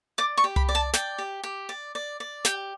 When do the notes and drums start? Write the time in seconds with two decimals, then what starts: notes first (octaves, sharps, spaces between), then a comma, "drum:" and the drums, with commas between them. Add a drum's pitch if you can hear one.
0.18 D5 D6
0.38 C#6
0.44 G4
0.56 B5, drum: tom C2
0.69 D5
0.75 A5
0.93 D5 G5, drum: snare
1.18 G4
1.44 G4
1.69 D5
1.95 D5
2.20 D5
2.45 G4 G5, drum: snare